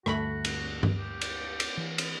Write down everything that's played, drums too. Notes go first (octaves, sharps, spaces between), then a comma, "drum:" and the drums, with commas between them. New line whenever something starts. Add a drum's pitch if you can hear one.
D2 G2 D3 A3 F#4 B5, drum: rim click
drum: cymbal
drum: tom G2
G4
drum: cymbal
drum: cymbal
E3
drum: cymbal